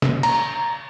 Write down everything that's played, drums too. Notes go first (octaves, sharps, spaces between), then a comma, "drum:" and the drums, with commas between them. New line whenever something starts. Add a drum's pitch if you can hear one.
drum: snare
A#5, drum: cymbal